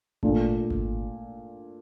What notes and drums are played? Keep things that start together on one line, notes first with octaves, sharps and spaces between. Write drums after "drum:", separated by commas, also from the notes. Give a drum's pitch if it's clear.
A#2 A3 D4, drum: kick G#1
drum: kick G#1